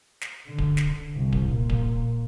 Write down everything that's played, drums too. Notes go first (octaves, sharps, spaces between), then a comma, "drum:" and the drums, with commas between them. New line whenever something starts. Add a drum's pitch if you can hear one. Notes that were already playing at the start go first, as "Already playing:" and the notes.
drum: snare
D3
drum: kick D1
drum: snare
C2
drum: kick D1
A#2
drum: kick D1